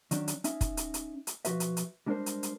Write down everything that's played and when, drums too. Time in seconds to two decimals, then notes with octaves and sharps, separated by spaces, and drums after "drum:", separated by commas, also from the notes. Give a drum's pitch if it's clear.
0.11 D#3 F#3 C#4 D4, drum: hi-hat
0.28 drum: hi-hat
0.44 C#4 D#4 E5, drum: hi-hat
0.61 drum: kick, hi-hat
0.77 drum: hi-hat
0.94 drum: hi-hat
1.27 drum: hi-hat
1.45 B1 F3 F#4 B4 E5, drum: hi-hat
1.60 drum: hi-hat
1.77 drum: hi-hat
2.06 G3 G#3 D4 F#4 A#4 C5
2.26 drum: hi-hat
2.43 drum: hi-hat